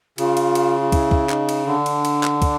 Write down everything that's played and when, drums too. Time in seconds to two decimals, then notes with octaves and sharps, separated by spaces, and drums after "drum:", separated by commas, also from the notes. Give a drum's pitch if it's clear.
0.18 C#3 F4, drum: cymbal
0.37 drum: cymbal
0.55 drum: cymbal
0.81 F4
0.92 E4, drum: kick, cymbal
1.11 drum: kick
1.29 D#4, drum: clap
1.49 drum: cymbal
1.67 D3 D4
1.86 drum: cymbal
2.05 drum: cymbal
2.23 drum: clap
2.42 D4, drum: kick, cymbal